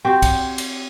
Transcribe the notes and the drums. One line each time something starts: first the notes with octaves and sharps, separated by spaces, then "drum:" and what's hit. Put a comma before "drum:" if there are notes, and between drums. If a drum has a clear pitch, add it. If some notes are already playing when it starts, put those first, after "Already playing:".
C4 F#4 G4
drum: kick, cymbal
drum: cymbal